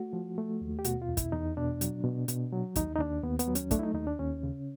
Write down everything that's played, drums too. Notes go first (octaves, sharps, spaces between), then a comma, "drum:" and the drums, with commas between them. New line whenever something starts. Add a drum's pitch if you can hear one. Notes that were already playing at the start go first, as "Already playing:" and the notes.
Already playing: A3 F#4
F3
A3
D#2
G4
B2 F#4, drum: hi-hat
F4
E2
E4, drum: kick, hi-hat
E2 D#4
B2 D4
F#3, drum: hi-hat
B2
B2, drum: hi-hat
F#3
D#2 D#4, drum: kick, hi-hat
D#4
D#2 D4
D#2 B3
B3, drum: hi-hat
F#3
C#4, drum: hi-hat
A3 D4, drum: kick, hi-hat
E4
D#4
D#2 D#4
D4
D#2 C#4
C#3